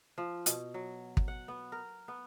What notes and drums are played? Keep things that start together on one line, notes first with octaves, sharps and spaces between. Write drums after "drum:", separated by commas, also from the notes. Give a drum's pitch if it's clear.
F3
B2, drum: hi-hat
F#3
drum: kick
F#5
B3
A#4
B3